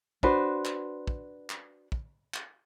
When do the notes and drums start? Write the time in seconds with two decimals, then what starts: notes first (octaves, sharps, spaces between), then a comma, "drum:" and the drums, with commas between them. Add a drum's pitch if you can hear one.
0.23 D4 F#4 B4 C5, drum: kick
0.65 drum: clap
1.07 drum: kick
1.50 drum: clap
1.92 drum: kick
2.34 drum: clap